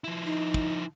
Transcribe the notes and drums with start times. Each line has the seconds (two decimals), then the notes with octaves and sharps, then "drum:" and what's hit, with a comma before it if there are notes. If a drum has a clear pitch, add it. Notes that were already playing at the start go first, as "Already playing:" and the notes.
0.04 F3 E4
0.25 D#4
0.54 drum: kick